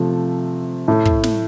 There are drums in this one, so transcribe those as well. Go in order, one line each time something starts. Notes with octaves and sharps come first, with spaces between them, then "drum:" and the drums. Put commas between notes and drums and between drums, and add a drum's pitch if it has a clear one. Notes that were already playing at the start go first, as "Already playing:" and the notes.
Already playing: C3 F3 A3
A2 A3
drum: kick
drum: snare